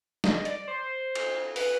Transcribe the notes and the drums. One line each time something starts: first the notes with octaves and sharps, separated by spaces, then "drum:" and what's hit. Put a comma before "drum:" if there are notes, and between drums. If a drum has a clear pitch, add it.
D#5, drum: snare
D5, drum: hi-hat
C5
drum: cymbal
B4, drum: open hi-hat